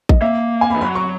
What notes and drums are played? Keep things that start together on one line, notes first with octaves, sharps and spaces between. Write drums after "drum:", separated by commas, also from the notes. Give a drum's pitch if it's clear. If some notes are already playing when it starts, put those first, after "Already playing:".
D#5, drum: kick A1
A#3 E5
G#5
B5
E3
F#3 B5
C#6